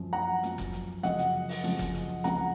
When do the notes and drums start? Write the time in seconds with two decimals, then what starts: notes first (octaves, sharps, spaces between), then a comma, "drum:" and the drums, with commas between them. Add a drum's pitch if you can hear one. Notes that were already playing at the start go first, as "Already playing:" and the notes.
Already playing: F#2 F3
0.13 F#5 A#5
0.43 F#2 F3, drum: hi-hat
0.58 drum: kick F#1, hi-hat
0.73 drum: hi-hat
1.03 F#2 C#3 F3 D#5 F#5, drum: hi-hat
1.19 drum: hi-hat
1.49 drum: open hi-hat
1.64 F#2 C#3 F3, drum: hi-hat
1.79 drum: kick F#1, hi-hat
1.94 drum: hi-hat
2.24 C#2 C#3 F3 F#5 A#5, drum: hi-hat